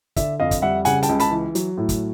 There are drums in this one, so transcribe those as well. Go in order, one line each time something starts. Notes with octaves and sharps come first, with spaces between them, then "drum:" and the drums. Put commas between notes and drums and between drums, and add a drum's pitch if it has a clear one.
D3 D5 E5, drum: kick, hi-hat
F2 D#5 F5
drum: kick, hi-hat
G3 E5 F#5
C#3 F#5 G#5, drum: hi-hat
G5 A5, drum: hi-hat
C#2
A5 B5, drum: hi-hat
E3
F#3, drum: hi-hat
A2
drum: kick, hi-hat